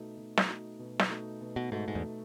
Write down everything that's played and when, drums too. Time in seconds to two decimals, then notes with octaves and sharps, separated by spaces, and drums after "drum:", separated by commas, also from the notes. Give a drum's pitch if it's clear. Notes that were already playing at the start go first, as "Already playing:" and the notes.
Already playing: B2 A3 D#4 F#4
0.17 B2
0.38 drum: snare
0.48 A3 D#4 F#4
0.79 B2
1.00 drum: snare
1.09 A3 D#4 F#4
1.41 B2
1.56 B2
1.72 G#2 A3 D#4 F#4
1.88 G#2
1.95 E2